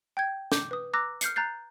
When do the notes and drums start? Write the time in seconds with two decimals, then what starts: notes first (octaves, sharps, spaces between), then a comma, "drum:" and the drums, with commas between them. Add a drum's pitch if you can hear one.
0.17 G5 G6 G#6
0.52 D6 G6, drum: snare
0.71 B4 D#6
0.93 A#5 D6 E6 F#6 A#6
1.21 F6 G6 C7 C#7, drum: hi-hat
1.36 A#5 F#6 G6 A6 C7